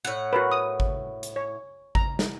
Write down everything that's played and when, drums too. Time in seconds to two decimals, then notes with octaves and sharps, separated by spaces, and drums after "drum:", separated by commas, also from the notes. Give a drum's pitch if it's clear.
0.05 A2 F#5
0.33 F#4 A#4 B4
0.52 D#6
0.80 drum: kick G#1
1.23 drum: hi-hat
1.36 C#5
1.95 A#5, drum: kick G#1
2.19 drum: snare